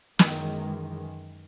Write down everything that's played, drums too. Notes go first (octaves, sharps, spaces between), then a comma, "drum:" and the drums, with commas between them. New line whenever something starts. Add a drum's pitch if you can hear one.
F#2 D#3 E3 G#3, drum: snare